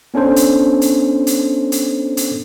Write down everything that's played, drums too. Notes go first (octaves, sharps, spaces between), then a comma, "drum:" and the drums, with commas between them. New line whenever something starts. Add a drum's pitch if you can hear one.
B3 C#4 D4 A4 C5
drum: hi-hat
drum: hi-hat
drum: hi-hat
drum: hi-hat
drum: hi-hat